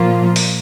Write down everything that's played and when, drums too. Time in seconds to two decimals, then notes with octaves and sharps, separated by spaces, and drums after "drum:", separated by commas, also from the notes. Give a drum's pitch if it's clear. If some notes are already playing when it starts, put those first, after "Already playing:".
Already playing: A#2 F3 A#3 F4
0.36 drum: open hi-hat